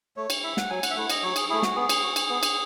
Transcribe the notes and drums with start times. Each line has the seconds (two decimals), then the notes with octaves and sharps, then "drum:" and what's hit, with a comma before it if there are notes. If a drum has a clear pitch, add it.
0.17 A3 C#5
0.30 drum: cymbal
0.43 E4 E5
0.57 F#5, drum: snare
0.70 F#3 G#5
0.83 F#5, drum: cymbal
0.90 E5
0.96 A3 E4 F#5
1.10 D#5, drum: cymbal
1.23 F#3 C#5
1.36 G#4, drum: cymbal
1.49 A3 E4 G#4
1.63 F#4, drum: snare
1.76 B3 G#4
1.89 drum: cymbal
2.03 F#4
2.16 drum: cymbal
2.29 B3
2.43 drum: cymbal